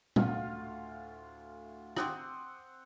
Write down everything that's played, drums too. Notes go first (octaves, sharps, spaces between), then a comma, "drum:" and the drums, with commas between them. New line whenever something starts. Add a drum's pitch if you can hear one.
D2 A2 F4 F5 F#5, drum: tom
C4 F#5 C6 D6 D#6, drum: rim click